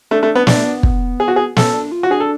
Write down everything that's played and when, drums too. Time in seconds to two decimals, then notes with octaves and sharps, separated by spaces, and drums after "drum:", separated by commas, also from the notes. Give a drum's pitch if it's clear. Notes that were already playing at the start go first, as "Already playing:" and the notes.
0.11 A3 D4
0.23 A3
0.35 B3
0.47 B3 D4, drum: snare
0.56 A3
0.64 B3
0.83 drum: kick
1.20 G#4
1.28 F#4
1.36 G#4
1.57 C#4 A4, drum: snare
1.74 D4
1.92 F4
2.03 F#4
2.10 D4 G#4
2.20 A4